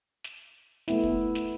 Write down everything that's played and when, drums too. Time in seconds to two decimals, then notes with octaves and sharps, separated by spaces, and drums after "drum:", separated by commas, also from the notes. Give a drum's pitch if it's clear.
0.24 drum: snare
0.88 A3 B3 E4, drum: snare
1.04 drum: kick
1.35 drum: snare